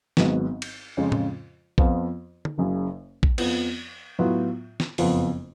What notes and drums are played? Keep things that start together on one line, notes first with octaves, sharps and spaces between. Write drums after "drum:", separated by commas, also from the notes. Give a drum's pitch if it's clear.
G#1 G#2 F#3 B3, drum: snare
drum: cymbal
F2 C#3 G#3 C#4 F4
drum: tom A2
F2 F3 B3 F4, drum: kick
drum: tom
F#1 F#2 C#3
drum: kick
F2 F3 B3, drum: cymbal
A2 F#3 B3 F4
drum: snare
F#1 F2 F3 B3 F4, drum: open hi-hat